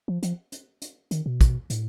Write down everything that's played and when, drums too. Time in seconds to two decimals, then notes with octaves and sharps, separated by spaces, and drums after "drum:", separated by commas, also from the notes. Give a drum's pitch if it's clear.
0.08 F3
0.23 F3, drum: hi-hat
0.52 drum: hi-hat
0.82 drum: hi-hat
1.11 D#3, drum: hi-hat
1.26 B2
1.41 drum: kick, hi-hat
1.70 A2, drum: hi-hat